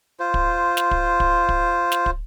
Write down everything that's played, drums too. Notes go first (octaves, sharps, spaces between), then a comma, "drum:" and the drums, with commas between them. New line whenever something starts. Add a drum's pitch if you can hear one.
F4 C5
drum: kick
drum: snare
drum: kick
drum: kick
drum: kick
drum: snare
drum: kick